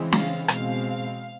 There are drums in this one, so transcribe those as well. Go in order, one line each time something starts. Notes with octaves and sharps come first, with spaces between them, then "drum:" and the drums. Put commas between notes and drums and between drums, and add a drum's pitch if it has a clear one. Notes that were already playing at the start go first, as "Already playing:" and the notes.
Already playing: C#3 E3 G#3 C4
F5, drum: snare
B2 G#3 C4 F5, drum: rim click